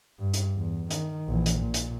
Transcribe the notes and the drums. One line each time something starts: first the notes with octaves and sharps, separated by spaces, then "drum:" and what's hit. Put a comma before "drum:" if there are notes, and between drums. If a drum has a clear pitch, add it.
G2
drum: hi-hat
E2
D#3, drum: hi-hat
A#1 E3
drum: hi-hat
A#2
drum: hi-hat